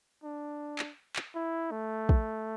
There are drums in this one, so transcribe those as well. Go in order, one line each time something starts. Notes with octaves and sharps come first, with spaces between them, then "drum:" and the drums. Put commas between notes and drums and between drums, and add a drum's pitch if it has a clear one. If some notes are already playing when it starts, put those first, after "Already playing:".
D4
drum: clap
drum: clap
E4
A3
drum: kick